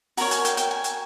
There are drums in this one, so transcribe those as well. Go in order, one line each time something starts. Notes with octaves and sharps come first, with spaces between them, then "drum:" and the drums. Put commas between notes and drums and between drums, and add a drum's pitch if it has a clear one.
F#4 A#4 C#5 A#5, drum: open hi-hat
G#5, drum: hi-hat
G5, drum: hi-hat
G5, drum: hi-hat
G#5
drum: hi-hat